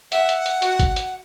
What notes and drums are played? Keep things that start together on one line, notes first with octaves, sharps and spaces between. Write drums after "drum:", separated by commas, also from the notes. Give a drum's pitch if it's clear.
E5 F#5, drum: hi-hat
drum: hi-hat
drum: hi-hat
F#4, drum: hi-hat
drum: kick G#1, hi-hat
drum: hi-hat